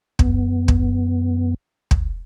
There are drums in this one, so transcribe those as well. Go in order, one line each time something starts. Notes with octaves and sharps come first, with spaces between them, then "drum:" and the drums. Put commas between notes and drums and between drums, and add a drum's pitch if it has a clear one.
F#2 B3, drum: kick
drum: kick
drum: kick